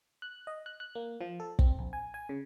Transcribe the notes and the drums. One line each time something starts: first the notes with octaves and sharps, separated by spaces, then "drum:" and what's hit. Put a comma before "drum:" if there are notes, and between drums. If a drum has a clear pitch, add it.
F#6
D#5
F#6
F#6
A#3
F3
A4
C4, drum: kick
A#1
G#5
G#5
C#3